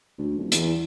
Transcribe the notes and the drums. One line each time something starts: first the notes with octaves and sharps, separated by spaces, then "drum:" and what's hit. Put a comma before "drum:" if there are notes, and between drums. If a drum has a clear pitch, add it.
D2
D#1
E2, drum: hi-hat